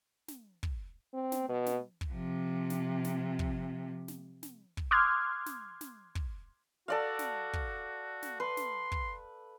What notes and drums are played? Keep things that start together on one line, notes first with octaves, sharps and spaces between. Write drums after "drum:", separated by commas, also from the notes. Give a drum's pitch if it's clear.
drum: snare
drum: kick
C4
drum: snare
B2
drum: snare
drum: kick
C3 F3
drum: snare
drum: snare
drum: kick
drum: snare
drum: snare
drum: kick
C6 D6 D#6 F6 F#6 G#6
drum: snare
drum: snare
drum: kick
F#4 A4 D5 F5
drum: snare
drum: kick
drum: snare
B4 C6
drum: snare
drum: kick